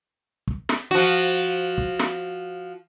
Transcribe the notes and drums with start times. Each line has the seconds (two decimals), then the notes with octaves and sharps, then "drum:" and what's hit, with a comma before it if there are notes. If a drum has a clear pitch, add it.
0.47 drum: kick
0.69 drum: snare
0.91 F3 F#4
1.78 drum: kick
2.00 drum: snare